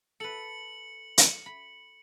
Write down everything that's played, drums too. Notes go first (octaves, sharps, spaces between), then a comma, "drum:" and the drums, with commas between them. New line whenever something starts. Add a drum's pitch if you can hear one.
A4 B4 C#7 F#7
drum: hi-hat
B5